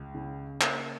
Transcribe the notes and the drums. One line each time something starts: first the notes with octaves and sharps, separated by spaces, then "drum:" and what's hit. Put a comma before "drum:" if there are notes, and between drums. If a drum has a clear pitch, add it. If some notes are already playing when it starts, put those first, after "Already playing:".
Already playing: C#2
C#3
A#3, drum: clap